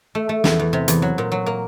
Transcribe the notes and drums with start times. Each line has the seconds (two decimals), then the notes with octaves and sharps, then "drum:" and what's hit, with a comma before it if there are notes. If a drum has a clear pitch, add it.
0.15 A3
0.29 A3
0.44 E2, drum: snare
0.59 E2
0.73 C3
0.88 E2, drum: hi-hat
1.02 F#3
1.18 A#2
1.32 F#3
1.46 A#3